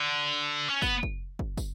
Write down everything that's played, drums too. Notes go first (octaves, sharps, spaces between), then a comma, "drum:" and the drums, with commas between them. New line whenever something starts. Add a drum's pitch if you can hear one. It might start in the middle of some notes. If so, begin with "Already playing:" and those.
Already playing: D3
C#4
B3, drum: kick, tambourine
drum: kick
drum: kick
drum: kick, tambourine